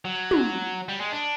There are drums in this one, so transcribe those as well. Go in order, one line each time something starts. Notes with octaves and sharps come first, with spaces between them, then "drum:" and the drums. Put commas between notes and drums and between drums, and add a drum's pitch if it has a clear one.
F#3
drum: tom
G3
G#3
D4